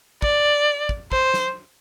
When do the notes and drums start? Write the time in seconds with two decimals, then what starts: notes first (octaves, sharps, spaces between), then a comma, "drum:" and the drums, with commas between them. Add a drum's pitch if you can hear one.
0.22 D5, drum: kick
0.89 drum: kick
1.12 C5, drum: kick
1.34 drum: snare